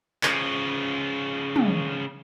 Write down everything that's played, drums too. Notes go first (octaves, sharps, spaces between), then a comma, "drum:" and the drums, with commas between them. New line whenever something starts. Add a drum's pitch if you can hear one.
C#3 F3, drum: clap
drum: tom